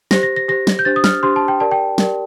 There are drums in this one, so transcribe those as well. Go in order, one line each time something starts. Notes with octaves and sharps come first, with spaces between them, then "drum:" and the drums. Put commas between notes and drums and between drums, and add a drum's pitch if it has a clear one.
G4 C5 A#6, drum: snare
A#6
A#6
G4 C5 A#6
drum: snare
G6
D4 G4 C5 A6
D#6
F6, drum: snare
D4 G4 C5 C6
A5
G5
G4 A#4 D5 A5
G5
G4 A#4 D5, drum: snare